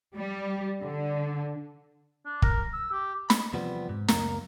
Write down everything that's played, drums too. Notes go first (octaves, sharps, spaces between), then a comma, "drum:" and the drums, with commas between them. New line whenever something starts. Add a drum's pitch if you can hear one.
G3
D3
D4
A#4, drum: kick
E6
G4
B5, drum: snare
E2 C3 F3 G3 B3
G#2
C#2 F#2 A#3 A#5, drum: snare